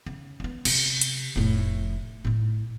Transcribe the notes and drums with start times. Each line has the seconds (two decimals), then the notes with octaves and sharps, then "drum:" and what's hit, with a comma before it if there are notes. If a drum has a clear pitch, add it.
0.06 C#3
0.40 A3 B3
0.65 C3, drum: cymbal
1.01 drum: hi-hat
1.36 F1 A2
2.25 A2 E4